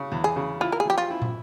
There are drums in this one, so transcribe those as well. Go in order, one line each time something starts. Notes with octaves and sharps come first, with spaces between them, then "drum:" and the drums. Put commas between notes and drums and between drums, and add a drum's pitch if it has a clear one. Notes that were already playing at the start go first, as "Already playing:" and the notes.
Already playing: C#3
E2
G#4
C#3
E4 F4
A#4
G#4
F3 G4
F4
E4
drum: tom